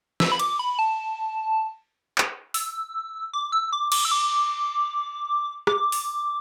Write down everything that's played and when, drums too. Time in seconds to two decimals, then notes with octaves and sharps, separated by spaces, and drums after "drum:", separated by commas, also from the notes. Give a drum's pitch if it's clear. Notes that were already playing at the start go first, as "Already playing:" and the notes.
0.20 E6, drum: snare
0.32 B5
0.39 D6, drum: cymbal
0.59 B5
0.79 A5
2.18 drum: clap
2.54 E6, drum: open hi-hat
3.33 D6
3.52 E6
3.72 D6
3.92 D6, drum: cymbal
4.05 E6
4.11 D6
5.67 D6, drum: rim click
5.92 drum: open hi-hat